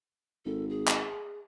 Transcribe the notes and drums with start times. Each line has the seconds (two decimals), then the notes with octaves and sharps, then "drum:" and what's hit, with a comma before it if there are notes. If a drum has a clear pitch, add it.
0.45 G#1 A4
0.69 G#4
0.88 drum: clap